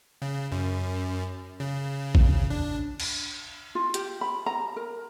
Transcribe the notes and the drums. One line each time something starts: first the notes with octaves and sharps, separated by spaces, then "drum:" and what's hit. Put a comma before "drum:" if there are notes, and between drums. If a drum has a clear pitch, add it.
C#3
F#2
C#3
drum: kick
D4
drum: cymbal
F4
G4, drum: hi-hat
B5
A#5
A#4